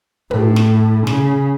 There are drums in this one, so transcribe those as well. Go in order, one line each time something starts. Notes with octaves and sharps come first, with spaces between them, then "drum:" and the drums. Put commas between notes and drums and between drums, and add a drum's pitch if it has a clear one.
A2, drum: tom
drum: snare
C#3, drum: snare